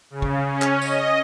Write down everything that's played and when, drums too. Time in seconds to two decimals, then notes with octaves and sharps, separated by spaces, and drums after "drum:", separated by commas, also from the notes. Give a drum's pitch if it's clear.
0.10 C#3
0.22 drum: kick
0.45 C#4
0.62 drum: clap
0.81 D#5, drum: tambourine